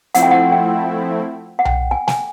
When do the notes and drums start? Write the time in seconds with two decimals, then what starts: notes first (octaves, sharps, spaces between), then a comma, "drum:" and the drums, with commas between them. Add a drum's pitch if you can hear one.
0.15 F3 A3 C4 E4 F#5, drum: hi-hat
0.23 G5
0.31 F#5
0.52 G5
1.59 F#5
1.65 G5, drum: tom B1
1.91 G#5
2.08 G#5, drum: snare